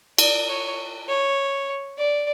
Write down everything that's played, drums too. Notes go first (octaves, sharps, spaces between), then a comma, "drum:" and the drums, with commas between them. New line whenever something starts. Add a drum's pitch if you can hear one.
D5, drum: cymbal
C#5
C#5
D5